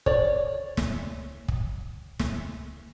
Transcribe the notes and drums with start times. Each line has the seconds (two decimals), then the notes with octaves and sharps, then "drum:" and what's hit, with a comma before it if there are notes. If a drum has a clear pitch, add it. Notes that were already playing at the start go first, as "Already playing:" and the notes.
0.06 C#5 D5, drum: kick
0.77 drum: snare
1.48 drum: kick
2.20 drum: snare